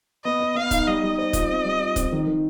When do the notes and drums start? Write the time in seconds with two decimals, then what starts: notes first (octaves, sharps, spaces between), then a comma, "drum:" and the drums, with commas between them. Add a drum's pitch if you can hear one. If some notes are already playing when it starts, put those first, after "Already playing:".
0.24 B3 D#5
0.40 B3
0.55 B3 F5
0.71 D#4, drum: kick, hi-hat
0.87 G3 D#5
1.03 G3
1.18 C5 D#5
1.33 F4, drum: kick, hi-hat
1.50 C4
1.65 G3
1.80 F4
1.96 C4, drum: kick, hi-hat
2.12 D#3
2.27 D#3